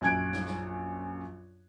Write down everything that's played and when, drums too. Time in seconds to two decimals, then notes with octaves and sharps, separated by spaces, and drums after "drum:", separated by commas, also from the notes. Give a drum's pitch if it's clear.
0.01 A#1 F#2 G#5 F#6 G#6 D7
0.33 drum: snare
0.46 drum: snare